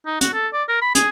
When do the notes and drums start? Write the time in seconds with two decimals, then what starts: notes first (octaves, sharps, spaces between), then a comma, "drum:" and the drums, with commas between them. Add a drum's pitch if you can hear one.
0.06 D#4
0.21 F#4, drum: hi-hat
0.33 A4
0.53 D5
0.69 A#4
0.81 B5
0.95 G#4, drum: hi-hat